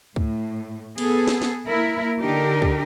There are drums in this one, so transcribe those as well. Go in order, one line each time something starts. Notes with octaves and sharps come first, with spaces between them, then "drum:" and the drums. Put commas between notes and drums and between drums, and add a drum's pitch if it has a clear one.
A2, drum: kick C#2
B3 G#4 A4, drum: cymbal
drum: snare
drum: snare
A#3 E4 A#4
D3 D4 D#4 G4 A#4
drum: kick C#2